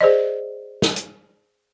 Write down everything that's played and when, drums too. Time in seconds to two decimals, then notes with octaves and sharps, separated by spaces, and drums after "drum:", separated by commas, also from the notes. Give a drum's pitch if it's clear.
0.01 G#4 C5 D5 D#5
0.82 drum: snare
0.96 drum: hi-hat